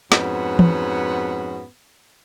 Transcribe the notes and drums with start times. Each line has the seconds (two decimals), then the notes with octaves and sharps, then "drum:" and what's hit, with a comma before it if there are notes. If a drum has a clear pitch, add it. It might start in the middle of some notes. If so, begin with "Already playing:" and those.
0.12 F2 G#2 B3 C#4 F#4, drum: snare
0.59 drum: tom